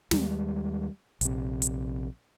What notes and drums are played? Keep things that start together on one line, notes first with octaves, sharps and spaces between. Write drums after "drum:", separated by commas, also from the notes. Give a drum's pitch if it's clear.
D#2 G3 G#3, drum: snare
A#1 C3, drum: hi-hat
drum: hi-hat